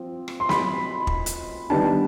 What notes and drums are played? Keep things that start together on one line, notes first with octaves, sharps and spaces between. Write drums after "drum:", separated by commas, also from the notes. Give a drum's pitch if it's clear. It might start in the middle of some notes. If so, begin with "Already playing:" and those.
Already playing: F3 C4
drum: rim click
C6
B5, drum: snare
drum: kick
drum: hi-hat
D#3 G3 B3 D4 A5